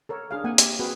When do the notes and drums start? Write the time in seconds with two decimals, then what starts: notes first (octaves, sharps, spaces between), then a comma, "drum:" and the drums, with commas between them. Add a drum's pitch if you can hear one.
0.09 A4 A#4 C#5
0.31 D4 G#4 F5
0.44 A#3 C4 F#5 G#5
0.58 G4 E5 G#5, drum: hi-hat
0.79 C4 F#4 G#4 B4